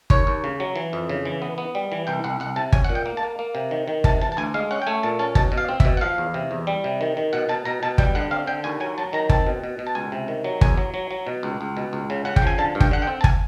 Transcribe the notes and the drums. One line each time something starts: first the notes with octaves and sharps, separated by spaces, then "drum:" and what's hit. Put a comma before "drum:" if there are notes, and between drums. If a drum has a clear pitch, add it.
D#2 C#5, drum: kick G1
D#2
C#3
F#3
E3
F2
C#3
E3
B3
B3
G3
E3
C2 G5
C2 F#5
C2 F#5
C3 A5
C#4 G#5, drum: kick G1
A#2 F#5
G5
A#3
A5
A#3
A#3
C3
D#3
D#3
C3 A5, drum: kick G1
E3 A5
A5
D2 G#5
G#3 F5
C#4 F#5
G5
A3 G#5
A#2 A5
C#4 A5
B2 A5, drum: kick G1
B2
F5
C4
E5, drum: kick G1
B2
F#5
F3 F5
E2
C3
E2
G3
C3
D#3
D#3
B2 F#5
B2 A5
B2 A#5
B2 A5
G3 G5, drum: kick G1
D3 F#5
C4 F5
D3 G5
D#2 G#5
F#3 G#5
F#3 A5
D#3 A#5
C4 A5, drum: kick G1
B2
B2
B2
A5
C#2 G#5
C3
D#3
F#3
E2 G#5, drum: kick G1
F#3
F#3
F#3
B2
C#2
C#2
B2
C#2
C#3
C#3 F#5
G5, drum: kick G1
F3 G#5
D3 A5
G2
G5, drum: kick G1
D3 F#5
G5
C4
A5
G#5, drum: kick G1